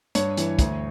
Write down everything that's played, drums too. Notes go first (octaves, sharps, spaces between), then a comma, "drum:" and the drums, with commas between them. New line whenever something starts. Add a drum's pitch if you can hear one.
G2 C#5, drum: hi-hat
E3, drum: hi-hat
D2, drum: kick, hi-hat